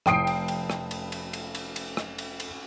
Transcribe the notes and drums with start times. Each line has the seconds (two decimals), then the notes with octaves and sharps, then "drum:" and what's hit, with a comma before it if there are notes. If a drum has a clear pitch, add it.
0.06 F1 G5 D#6 C7 D7, drum: rim click
0.27 drum: cymbal
0.48 drum: cymbal
0.70 drum: rim click
0.91 drum: cymbal
1.12 drum: cymbal
1.33 drum: cymbal
1.55 drum: cymbal
1.76 drum: cymbal
1.97 drum: rim click
2.18 drum: cymbal
2.40 drum: cymbal